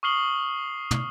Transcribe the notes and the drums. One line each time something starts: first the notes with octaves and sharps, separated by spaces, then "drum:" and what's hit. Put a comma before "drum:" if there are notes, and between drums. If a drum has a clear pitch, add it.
C#6 D#6 F6 C7 F#7 G7
drum: tom